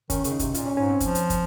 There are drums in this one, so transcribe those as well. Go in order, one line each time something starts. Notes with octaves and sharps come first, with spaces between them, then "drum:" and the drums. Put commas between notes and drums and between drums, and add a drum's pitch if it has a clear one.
D#3 C#4, drum: kick, hi-hat
C#3, drum: hi-hat
D#4
C3, drum: kick, hi-hat
A#2 F4, drum: hi-hat
C#4
G#2 C#4
C4
F3, drum: kick, hi-hat
drum: hi-hat
drum: kick, hi-hat